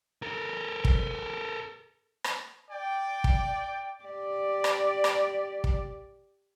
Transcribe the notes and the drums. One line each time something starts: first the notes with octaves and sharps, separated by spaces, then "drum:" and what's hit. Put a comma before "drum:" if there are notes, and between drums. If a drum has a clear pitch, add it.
A4 A#4
drum: kick
drum: rim click
D5 G5
drum: kick
G4 D5
drum: rim click
drum: rim click
drum: kick